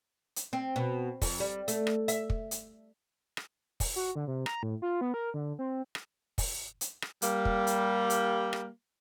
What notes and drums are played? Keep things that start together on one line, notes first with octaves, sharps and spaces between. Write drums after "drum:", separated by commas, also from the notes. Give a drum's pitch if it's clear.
drum: hi-hat
C4
B2
F2, drum: kick, open hi-hat
G3
A3, drum: hi-hat
drum: rim click
E5, drum: hi-hat
drum: kick
drum: hi-hat
drum: rim click
drum: kick, open hi-hat
F#4
D3
C3
A#5, drum: rim click
A2
F4
B3
A#4
D3
C4
drum: rim click
drum: kick, open hi-hat
drum: hi-hat
drum: rim click
G3 A#3, drum: hi-hat
drum: kick
drum: hi-hat
drum: hi-hat
drum: rim click